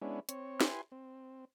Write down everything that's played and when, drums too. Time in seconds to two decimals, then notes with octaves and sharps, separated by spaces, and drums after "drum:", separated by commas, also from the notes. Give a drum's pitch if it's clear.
0.02 G#3 B3 C#4 D4 E4
0.29 C4 C#5, drum: hi-hat
0.61 E4 G4 B4 G#5 C6, drum: snare
0.92 C4